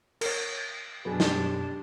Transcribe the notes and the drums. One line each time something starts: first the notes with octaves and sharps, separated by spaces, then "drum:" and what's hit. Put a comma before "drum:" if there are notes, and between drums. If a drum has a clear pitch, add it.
A#4 C#5, drum: cymbal
F#2 B2 F#3 D4 G4 G#4 B4
drum: snare